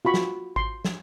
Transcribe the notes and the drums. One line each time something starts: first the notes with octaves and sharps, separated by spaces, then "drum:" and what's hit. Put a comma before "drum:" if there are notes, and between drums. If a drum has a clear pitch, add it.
F4 F#4 B5 C#6
drum: snare
C6, drum: kick G#1
drum: snare